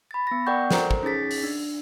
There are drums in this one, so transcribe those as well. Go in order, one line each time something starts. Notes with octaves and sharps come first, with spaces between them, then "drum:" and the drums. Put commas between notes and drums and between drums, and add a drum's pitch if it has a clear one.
B5 A6
B3 A#6
A#4 D5 F#5 G5 C#6 G6
A4 A#4 C5 A#5, drum: snare
drum: kick
C#4 D#4 G#4 A6 B6
drum: open hi-hat
D4